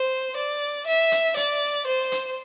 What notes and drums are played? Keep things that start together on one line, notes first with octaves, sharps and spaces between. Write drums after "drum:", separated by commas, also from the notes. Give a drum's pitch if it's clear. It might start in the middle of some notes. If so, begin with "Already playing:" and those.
Already playing: C5
D5
E5
drum: hi-hat
D5, drum: hi-hat
C5
drum: hi-hat